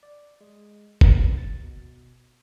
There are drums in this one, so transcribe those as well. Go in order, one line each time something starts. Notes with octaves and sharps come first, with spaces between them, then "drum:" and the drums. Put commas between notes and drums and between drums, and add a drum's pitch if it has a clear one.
D5
G#3
A#5, drum: kick
A6
B2